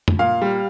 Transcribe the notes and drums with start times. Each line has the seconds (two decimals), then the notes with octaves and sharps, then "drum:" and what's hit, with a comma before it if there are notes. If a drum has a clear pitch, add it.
0.08 drum: tom
0.19 A#2 F5
0.42 G3